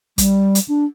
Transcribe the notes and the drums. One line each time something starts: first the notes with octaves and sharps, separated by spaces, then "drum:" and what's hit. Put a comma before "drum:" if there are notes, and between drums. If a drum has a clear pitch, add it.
G3, drum: kick, hi-hat
drum: hi-hat
D4